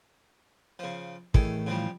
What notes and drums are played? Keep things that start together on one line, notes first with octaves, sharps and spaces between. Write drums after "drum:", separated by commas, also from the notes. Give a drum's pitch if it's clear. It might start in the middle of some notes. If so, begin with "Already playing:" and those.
C#3 F3
A2 D#3 E3 G#4 A4, drum: kick
C#3 F3 G3